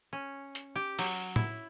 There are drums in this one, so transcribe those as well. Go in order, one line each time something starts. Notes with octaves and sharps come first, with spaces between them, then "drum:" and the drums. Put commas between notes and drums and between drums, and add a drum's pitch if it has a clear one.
C#4
drum: hi-hat
G4
F#3, drum: open hi-hat
E4, drum: tom